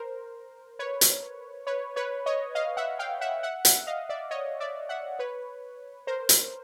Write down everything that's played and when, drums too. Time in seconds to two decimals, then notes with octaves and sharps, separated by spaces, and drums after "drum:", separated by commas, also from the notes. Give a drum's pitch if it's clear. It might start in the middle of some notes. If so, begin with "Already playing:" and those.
Already playing: A#4 C5
0.79 B4 C#5
1.01 drum: hi-hat
1.67 B4 C#5
1.96 B4 C#5
2.26 C#5 D#5
2.55 D#5 F5
2.77 E5 F#5
2.99 F5 G5
3.21 E5 F#5
3.43 E5 F#5
3.65 E5 F#5, drum: hi-hat
3.87 D#5 F5
4.09 D5 E5
4.31 C#5 D#5
4.60 D5 E5
4.89 E5 F#5
5.19 B4 C#5
6.07 A#4 C5
6.29 drum: hi-hat